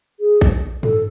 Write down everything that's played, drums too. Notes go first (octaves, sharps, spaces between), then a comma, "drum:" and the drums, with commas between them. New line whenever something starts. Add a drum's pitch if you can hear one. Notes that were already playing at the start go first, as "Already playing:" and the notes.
G#4
drum: kick A#1
A4, drum: tom